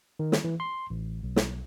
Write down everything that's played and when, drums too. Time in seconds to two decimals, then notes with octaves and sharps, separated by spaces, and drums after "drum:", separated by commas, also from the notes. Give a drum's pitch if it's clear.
0.19 D#3
0.32 drum: snare
0.44 E3
0.60 C6
0.90 A1
1.23 B1
1.36 drum: snare